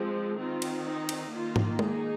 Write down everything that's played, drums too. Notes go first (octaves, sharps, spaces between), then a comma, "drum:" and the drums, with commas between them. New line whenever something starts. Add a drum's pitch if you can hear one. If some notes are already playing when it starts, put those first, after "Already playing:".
Already playing: F3 G#3 C4
D#3 C4 F4
drum: cymbal
D#4
drum: cymbal
D#3 A#3 F4
drum: tom G#2
D#4 G#4, drum: tom